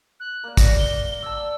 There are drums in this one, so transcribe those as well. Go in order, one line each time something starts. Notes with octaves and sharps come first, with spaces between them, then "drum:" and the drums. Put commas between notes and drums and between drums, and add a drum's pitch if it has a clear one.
F#6
A#3 D5
A#6, drum: kick, hi-hat
G7
D5 F#5 A5 E6